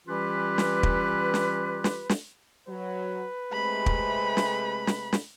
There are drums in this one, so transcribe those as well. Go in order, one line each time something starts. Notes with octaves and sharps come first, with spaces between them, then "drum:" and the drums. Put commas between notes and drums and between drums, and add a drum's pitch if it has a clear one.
E3 G3 C#4 F4 G4 B4
drum: snare
drum: kick
drum: snare
drum: snare
drum: snare
F#3 B4
C3 G#3 A3 B5
drum: kick
drum: snare
drum: snare
drum: snare